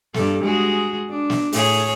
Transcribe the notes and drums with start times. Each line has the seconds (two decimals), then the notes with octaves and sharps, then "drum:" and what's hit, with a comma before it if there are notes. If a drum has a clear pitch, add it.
0.14 G2 A4, drum: snare
0.44 G#3 F#4 G#4
1.10 D4
1.30 drum: snare
1.52 A2 G#4 C#5, drum: open hi-hat